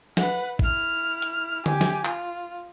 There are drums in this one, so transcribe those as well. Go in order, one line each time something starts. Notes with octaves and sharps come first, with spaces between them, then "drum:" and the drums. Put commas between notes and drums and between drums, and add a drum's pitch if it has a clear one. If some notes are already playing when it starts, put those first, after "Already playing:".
B4 F#5, drum: snare
E4 F6, drum: kick A1
drum: hi-hat
G4 G#5, drum: tom D3
drum: snare
F4, drum: clap